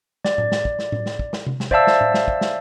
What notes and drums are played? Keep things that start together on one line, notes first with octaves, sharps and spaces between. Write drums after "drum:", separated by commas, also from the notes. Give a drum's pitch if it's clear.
D5, drum: snare
drum: tom A2
drum: snare
drum: kick
drum: snare
drum: tom A2
drum: snare
drum: kick
drum: snare
drum: tom C3
drum: snare
C5 D5 E5 F5 A5 E6, drum: kick
drum: snare
drum: tom A2
drum: snare
drum: kick
drum: snare